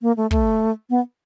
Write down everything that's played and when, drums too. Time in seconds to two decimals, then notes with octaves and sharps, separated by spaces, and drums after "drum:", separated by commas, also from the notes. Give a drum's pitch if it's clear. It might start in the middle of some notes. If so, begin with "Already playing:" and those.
0.02 A#3
0.17 A3
0.31 A3, drum: kick
0.90 B3